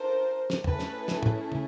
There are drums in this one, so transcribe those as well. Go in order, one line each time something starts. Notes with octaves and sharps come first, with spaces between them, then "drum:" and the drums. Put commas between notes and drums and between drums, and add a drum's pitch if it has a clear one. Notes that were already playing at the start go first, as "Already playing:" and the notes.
Already playing: D4 F4 A4 A#4 C5
drum: snare
A3 C#4 E4 G#4 A4 B4, drum: tom
drum: snare
drum: snare
drum: tom
drum: tom